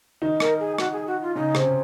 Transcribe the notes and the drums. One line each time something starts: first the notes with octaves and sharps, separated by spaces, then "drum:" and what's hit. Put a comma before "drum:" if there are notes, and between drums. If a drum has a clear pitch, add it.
D#3 D#4
A#4, drum: rim click
G#4
F#4, drum: rim click
G#4
F#4
F4
C#3 C#4 D#4
C3 C4, drum: rim click
C#4